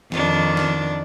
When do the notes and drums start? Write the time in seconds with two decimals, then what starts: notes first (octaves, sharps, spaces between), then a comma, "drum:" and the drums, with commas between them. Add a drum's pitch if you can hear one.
0.12 F2 D#3 D4, drum: snare
0.57 drum: snare